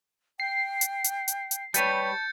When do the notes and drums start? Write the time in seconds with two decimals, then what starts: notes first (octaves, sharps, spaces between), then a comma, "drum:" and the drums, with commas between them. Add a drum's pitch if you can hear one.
0.40 G5 C7
0.81 drum: hi-hat
1.04 drum: hi-hat
1.28 drum: hi-hat
1.51 drum: hi-hat
1.74 G3 B4 C#5 A5 G6 A6 C#7, drum: hi-hat